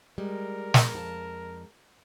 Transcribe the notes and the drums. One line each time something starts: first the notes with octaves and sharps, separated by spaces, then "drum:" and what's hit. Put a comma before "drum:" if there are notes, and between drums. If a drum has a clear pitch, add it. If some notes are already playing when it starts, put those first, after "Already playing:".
G3 G#3 A#4
drum: snare
F2 F#4 A5